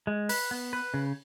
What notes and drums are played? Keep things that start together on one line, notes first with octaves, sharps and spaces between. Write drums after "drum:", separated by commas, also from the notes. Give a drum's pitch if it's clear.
G#3
B4, drum: open hi-hat
B3
B4
C#3